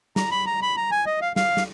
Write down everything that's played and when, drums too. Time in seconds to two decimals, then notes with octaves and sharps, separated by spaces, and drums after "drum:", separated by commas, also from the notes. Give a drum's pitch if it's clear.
0.16 A#5, drum: snare
0.31 B5
0.46 A#5
0.62 B5
0.77 A#5
0.91 G#5
1.06 D#5
1.22 F5
1.36 F5, drum: snare
1.57 drum: snare